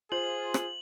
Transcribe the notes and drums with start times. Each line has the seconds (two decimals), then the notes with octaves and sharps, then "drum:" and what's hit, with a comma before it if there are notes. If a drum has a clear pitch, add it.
0.12 F4 G#4 C5 F#7
0.54 drum: rim click